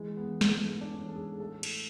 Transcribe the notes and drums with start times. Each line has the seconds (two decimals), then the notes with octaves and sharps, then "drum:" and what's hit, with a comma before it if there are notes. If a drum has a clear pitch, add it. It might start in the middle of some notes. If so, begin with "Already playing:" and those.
Already playing: E3 G#3
0.17 B3
0.29 E3
0.41 A3, drum: snare
0.65 G#2
0.81 D4
0.91 C#4
1.03 E3
1.08 A4
1.16 G#4
1.39 A2 A4
1.63 drum: cymbal